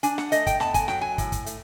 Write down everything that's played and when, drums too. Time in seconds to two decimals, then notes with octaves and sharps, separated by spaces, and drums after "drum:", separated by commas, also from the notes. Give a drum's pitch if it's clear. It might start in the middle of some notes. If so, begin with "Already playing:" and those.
0.03 D4 G#5, drum: hi-hat
0.18 F#5, drum: snare
0.32 A3 D#5, drum: hi-hat
0.47 G5, drum: kick, hi-hat
0.60 B3 A5, drum: snare
0.74 G#5, drum: kick, hi-hat
0.88 F#3 G5, drum: snare
1.01 G#5
1.18 A2, drum: kick, hi-hat
1.32 drum: kick, hi-hat
1.46 A3, drum: hi-hat